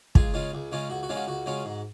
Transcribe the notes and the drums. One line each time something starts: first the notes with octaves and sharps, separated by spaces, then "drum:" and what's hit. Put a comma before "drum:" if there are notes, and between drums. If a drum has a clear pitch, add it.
C#2 F4 G#4, drum: kick
C#3 G#3 C#4 F4
C#2
C#3 G#3 C#4 F4
C#2 F#4
F#4
C#3 G#3 C#4 F4
F#4
C#2 F#4
C#3 G#3 C#4 F4
G#2